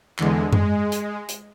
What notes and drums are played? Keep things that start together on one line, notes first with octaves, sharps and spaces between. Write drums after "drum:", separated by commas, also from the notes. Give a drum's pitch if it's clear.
E2 D3 G#3, drum: clap
G#3, drum: tom F#2
drum: hi-hat
drum: hi-hat